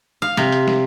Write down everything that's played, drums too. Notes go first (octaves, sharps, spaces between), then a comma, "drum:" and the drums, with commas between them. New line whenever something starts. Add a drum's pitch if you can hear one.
F5
C3, drum: snare
drum: hi-hat
drum: snare